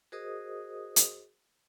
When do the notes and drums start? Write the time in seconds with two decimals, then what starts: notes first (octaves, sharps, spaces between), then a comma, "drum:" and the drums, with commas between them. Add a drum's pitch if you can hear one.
0.12 F#4 G#4 A#4 C5 D#5 D#6
0.96 drum: hi-hat